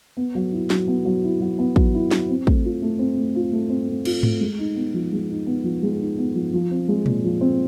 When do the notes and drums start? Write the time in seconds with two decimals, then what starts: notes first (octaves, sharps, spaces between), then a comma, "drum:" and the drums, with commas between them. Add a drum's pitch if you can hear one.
0.17 B3
0.35 F#3
0.52 E4
0.70 F#3, drum: snare
0.88 B3
1.05 F#3
1.24 E4
1.40 F#3
1.59 B3
1.76 F#3, drum: kick
1.94 E4
2.11 F#3, drum: snare
2.29 C4
2.47 A3, drum: kick
2.65 F4
2.82 A3
2.99 C4
3.17 A3
3.35 F4
3.53 A3
3.70 C4
3.89 A3
4.05 F4, drum: cymbal
4.23 A3, drum: tom G#2
4.41 G#3
4.59 D#4
4.76 B3
4.94 F3
5.12 G#3
5.30 D#4
5.47 B3
5.64 F3
5.83 G#3
6.01 D#4
6.18 B3
6.35 F3
6.54 F3
6.71 C4
6.89 G#3
7.06 A#2, drum: tom B2
7.24 F3
7.41 C4